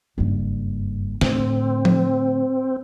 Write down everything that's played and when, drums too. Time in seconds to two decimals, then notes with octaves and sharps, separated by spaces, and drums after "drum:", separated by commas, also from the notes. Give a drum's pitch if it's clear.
0.18 F#1 G2
1.21 A2 D3 C4, drum: snare
1.85 drum: tom F3